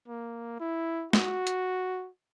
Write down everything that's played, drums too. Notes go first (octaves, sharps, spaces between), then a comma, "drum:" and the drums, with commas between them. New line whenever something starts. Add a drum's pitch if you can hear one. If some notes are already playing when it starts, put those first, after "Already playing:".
A#3
E4
F#4, drum: snare
drum: hi-hat